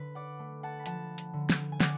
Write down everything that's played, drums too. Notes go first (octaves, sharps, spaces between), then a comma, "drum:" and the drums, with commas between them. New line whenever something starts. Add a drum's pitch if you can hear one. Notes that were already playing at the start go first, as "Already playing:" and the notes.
Already playing: D3 B4
D5 F#5
A3
F#5 A5
B5
F3 F#5 A5, drum: hi-hat
drum: hi-hat
D3
drum: snare
G#5
D3 D5 F#5, drum: snare